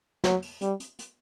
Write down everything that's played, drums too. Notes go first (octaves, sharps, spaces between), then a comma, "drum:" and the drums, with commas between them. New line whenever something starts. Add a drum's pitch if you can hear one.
F#3, drum: snare
drum: open hi-hat
G3, drum: hi-hat
drum: hi-hat
drum: hi-hat